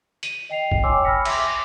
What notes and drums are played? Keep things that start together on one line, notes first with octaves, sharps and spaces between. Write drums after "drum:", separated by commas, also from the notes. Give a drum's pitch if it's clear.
D#7, drum: hi-hat
D#5 G5 C7 F7
drum: kick G#1
C#5 G5 G#5 C6 D6 E6
B5 E6 F6 A#6 B6 C#7
E5 C6 D6, drum: cymbal